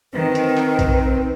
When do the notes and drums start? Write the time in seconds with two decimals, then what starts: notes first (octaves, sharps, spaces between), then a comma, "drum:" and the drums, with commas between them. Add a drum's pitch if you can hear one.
0.13 D#3 C4 B4
0.35 drum: hi-hat
0.57 drum: clap
0.79 drum: kick A#1, hi-hat